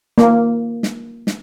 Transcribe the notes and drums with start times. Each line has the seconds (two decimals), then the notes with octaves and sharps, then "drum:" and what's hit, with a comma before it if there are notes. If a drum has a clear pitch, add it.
0.18 A#3, drum: snare
0.83 drum: snare
1.27 drum: snare